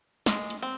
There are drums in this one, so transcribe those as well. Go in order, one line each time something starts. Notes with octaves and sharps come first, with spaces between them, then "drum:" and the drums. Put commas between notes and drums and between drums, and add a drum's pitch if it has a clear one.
G#3, drum: snare
drum: hi-hat
C4